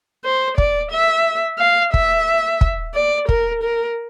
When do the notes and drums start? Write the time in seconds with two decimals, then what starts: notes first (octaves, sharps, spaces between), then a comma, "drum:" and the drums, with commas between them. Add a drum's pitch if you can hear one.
0.25 C5
0.58 D5, drum: kick
0.92 E5
1.59 F5
1.94 E5, drum: kick
2.61 drum: kick
2.95 D5
3.29 A#4, drum: kick
3.63 A#4